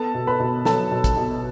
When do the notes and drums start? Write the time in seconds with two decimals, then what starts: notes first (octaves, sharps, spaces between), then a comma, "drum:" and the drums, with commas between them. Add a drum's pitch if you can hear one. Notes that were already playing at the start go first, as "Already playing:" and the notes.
Already playing: B3 A4 A5
0.14 B2
0.27 B4 B5
0.40 B2
0.65 F#3 A4 A5, drum: snare
0.91 B2
1.04 drum: kick, hi-hat
1.17 B2